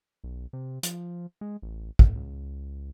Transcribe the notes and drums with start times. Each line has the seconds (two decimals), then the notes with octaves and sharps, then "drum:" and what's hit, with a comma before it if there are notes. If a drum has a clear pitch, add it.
0.24 B1
0.53 C3
0.83 F3, drum: hi-hat
1.41 G#3
1.62 A1
1.99 F1, drum: kick
2.15 C#2